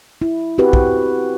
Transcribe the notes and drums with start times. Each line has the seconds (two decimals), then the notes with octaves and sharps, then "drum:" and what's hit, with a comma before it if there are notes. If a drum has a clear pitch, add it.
0.22 E4
0.58 C4 F#4 G4 B4
0.73 drum: kick